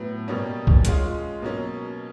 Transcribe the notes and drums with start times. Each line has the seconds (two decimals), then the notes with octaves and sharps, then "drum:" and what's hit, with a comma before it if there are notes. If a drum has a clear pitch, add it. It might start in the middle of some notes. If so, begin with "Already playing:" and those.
Already playing: A2 F#3 B3
0.28 B2 G3 A#3 C#4
0.67 drum: kick B1
0.85 G#3 C#4 F4, drum: hi-hat
1.42 B2 F#3 A#3 C#4